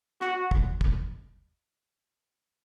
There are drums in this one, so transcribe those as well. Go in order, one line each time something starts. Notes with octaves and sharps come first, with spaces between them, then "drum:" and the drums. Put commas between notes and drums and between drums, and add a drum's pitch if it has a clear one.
F#4, drum: rim click
drum: kick
drum: kick